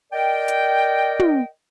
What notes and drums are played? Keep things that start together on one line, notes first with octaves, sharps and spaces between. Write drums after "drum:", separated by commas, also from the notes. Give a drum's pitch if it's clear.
A#4 D5 D#5 G5
drum: hi-hat
drum: tom